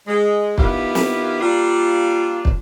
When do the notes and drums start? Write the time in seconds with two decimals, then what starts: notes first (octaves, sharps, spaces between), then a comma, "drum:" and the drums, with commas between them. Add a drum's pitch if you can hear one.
0.08 G#3
0.58 D#3 B3 E4 F4 G4 F5, drum: kick
0.95 drum: snare
1.41 G3 A#3 D4 F4
2.45 drum: kick